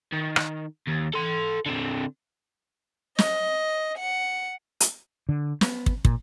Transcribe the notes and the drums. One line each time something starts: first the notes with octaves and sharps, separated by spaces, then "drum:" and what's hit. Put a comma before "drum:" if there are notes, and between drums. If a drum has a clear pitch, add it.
D#3
drum: rim click
D#2
A4 C6
D3 C4
D#5, drum: snare
F#5
drum: hi-hat
D3
B3, drum: snare
drum: kick
A#2, drum: kick